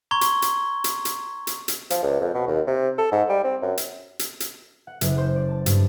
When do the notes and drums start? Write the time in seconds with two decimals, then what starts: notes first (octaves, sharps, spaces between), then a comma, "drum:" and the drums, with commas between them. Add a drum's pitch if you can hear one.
0.11 A#5 C6 C#6 G#6 G7
0.21 drum: hi-hat
0.42 drum: hi-hat
0.84 drum: hi-hat
1.05 drum: hi-hat
1.47 drum: hi-hat
1.68 drum: hi-hat
1.90 F3, drum: hi-hat
2.03 C#2
2.21 F2
2.34 B2
2.47 D#2
2.67 C3
2.98 A4
3.12 G#2
3.29 G3
3.44 C4
3.62 F#2
3.77 drum: hi-hat
4.19 drum: hi-hat
4.40 drum: hi-hat
4.87 F#5
5.01 F#1, drum: hi-hat
5.18 C5
5.36 D5
5.49 A5
5.66 G2, drum: hi-hat